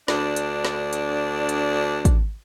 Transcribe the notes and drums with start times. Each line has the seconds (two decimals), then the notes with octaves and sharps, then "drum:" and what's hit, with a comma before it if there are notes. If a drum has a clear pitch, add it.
0.08 D2 D4, drum: snare
0.36 drum: hi-hat
0.65 drum: snare
0.93 drum: hi-hat
1.49 drum: hi-hat
2.05 drum: kick, hi-hat